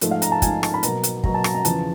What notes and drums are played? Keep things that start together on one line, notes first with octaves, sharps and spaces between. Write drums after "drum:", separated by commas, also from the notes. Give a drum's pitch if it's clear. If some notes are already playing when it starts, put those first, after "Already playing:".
G#2 F3 A3, drum: hi-hat
F5
A#5, drum: hi-hat
A5
G#2 F3 A3 G#5, drum: kick, hi-hat
A5, drum: rim click
B5
B2 F#3 A#3 A#5, drum: hi-hat
drum: hi-hat
B2 F#3 A#3 A#5, drum: kick
A5
A#5, drum: rim click
A#5
E2 C#3 F3 A5, drum: hi-hat